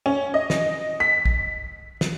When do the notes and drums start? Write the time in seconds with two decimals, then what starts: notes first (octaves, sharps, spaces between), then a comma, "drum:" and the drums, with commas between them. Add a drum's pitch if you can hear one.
0.06 C#4
0.34 D#5
0.50 drum: snare
1.00 B6
1.25 drum: kick
2.01 drum: snare